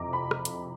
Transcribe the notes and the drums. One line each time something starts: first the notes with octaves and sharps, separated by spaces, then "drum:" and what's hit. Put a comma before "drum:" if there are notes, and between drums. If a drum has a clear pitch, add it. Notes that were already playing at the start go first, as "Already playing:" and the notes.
Already playing: F2 C3 A#5 D6
B5
drum: rim click
drum: hi-hat